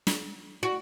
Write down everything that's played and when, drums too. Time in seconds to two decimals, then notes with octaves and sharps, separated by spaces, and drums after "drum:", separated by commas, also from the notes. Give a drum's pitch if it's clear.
0.07 drum: snare
0.63 F#4